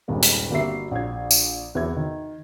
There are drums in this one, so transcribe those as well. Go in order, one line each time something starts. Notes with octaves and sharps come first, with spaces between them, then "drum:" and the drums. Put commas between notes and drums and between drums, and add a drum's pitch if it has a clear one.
D#1 G2 D#3 G#3 A#3
drum: hi-hat
G1 A#3 F#4 G4 E5 C7
A#1 G#6
drum: tambourine
E2 B4 E5 G#6
D#3